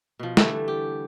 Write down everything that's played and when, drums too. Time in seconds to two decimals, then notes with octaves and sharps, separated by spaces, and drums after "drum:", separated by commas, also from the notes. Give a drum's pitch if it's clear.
0.19 B2 F3
0.37 D3 E3 G3 A3, drum: snare
0.68 G4